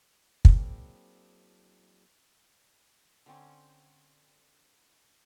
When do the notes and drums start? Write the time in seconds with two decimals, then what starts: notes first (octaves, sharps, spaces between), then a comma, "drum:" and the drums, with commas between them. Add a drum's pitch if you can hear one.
0.45 F#3 A#3 C4 D4 E4 G#4, drum: kick
3.26 D3 C4 C#4